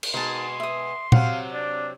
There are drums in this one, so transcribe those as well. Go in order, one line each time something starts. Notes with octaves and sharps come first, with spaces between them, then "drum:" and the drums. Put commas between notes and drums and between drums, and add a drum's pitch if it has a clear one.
drum: cymbal
B2 G#3 D#4 A5 C6
E5 D#6
C3 F#3 C4 F5 F#5, drum: tom A#2
D4 D5